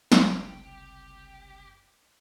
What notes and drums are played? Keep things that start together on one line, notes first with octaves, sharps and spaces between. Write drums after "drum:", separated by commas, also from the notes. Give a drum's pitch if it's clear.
F#1 C2 G4, drum: snare